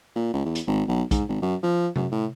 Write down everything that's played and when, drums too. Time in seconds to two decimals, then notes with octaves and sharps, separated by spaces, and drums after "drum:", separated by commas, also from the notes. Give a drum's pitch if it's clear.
0.15 A#2
0.33 C#2
0.45 E2
0.55 drum: hi-hat
0.67 G#1
0.88 B1
1.11 G#2, drum: kick, hi-hat
1.28 G#1
1.42 F#2
1.63 F3
1.96 F#2, drum: tom C3
2.12 A2